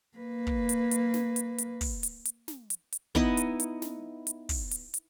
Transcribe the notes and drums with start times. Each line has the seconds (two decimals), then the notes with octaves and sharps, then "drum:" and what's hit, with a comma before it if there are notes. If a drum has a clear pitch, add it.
0.17 A#3 B4
0.47 drum: kick
0.69 drum: hi-hat
0.91 drum: hi-hat
1.14 drum: snare
1.36 drum: hi-hat
1.58 drum: hi-hat
1.81 drum: kick, open hi-hat
2.03 drum: hi-hat
2.25 drum: hi-hat
2.48 drum: snare
2.70 drum: hi-hat
2.92 drum: hi-hat
3.15 B3 D#4 E4 D#5, drum: kick
3.37 drum: hi-hat
3.60 drum: hi-hat
3.82 drum: snare
4.27 drum: hi-hat
4.49 drum: kick, open hi-hat
4.71 drum: hi-hat
4.94 drum: hi-hat